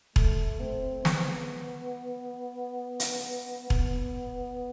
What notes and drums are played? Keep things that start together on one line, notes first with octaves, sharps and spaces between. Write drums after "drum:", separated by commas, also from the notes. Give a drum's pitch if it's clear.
A3, drum: kick E1
C4
B3, drum: snare
drum: hi-hat
B3, drum: kick E1